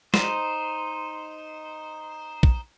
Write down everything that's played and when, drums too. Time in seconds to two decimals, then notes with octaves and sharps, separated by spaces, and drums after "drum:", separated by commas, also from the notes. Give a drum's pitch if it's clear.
0.14 D#4 C5, drum: snare
2.43 drum: kick